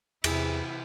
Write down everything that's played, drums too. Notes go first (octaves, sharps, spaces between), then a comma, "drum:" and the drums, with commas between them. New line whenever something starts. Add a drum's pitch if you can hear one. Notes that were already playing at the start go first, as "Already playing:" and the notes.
E2 C3 E3 E4 G#4, drum: cymbal